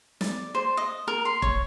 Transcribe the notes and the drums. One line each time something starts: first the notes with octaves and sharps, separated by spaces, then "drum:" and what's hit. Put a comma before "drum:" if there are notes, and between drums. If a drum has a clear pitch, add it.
D5, drum: snare
C5
D#5
A#4
C6
C#5, drum: kick E1